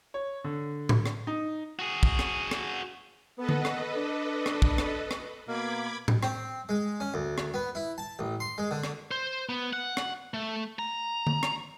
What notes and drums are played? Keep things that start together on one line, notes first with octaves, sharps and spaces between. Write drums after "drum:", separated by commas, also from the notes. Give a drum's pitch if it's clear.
C#5
D3
drum: tom A2
drum: rim click
D#4
F#4 G#4
drum: kick
drum: rim click
drum: rim click
B3 A4 B4 D#5
drum: tom D3
drum: rim click
D4
drum: rim click
drum: kick
drum: rim click
drum: rim click
B2 A#3 B5 D6 G#6
drum: tom A2
C4, drum: rim click
G#3
C#4
D2
drum: rim click
B3
E4
A5
A1
C6
G#3
D3
drum: rim click
C5
B3
F#5
drum: rim click
A3
A#5
drum: tom D3
drum: rim click